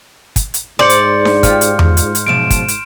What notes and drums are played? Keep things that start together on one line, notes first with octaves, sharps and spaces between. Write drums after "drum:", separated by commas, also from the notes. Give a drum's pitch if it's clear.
drum: kick, hi-hat
drum: hi-hat
G#2 C5 D5 C6 G6 C#7
drum: hi-hat
drum: snare D4
F4 G4 F6, drum: kick, hi-hat
drum: hi-hat
drum: tom E2
drum: hi-hat
drum: hi-hat
F#2 B2 F3 D7 E7
drum: kick, hi-hat
drum: hi-hat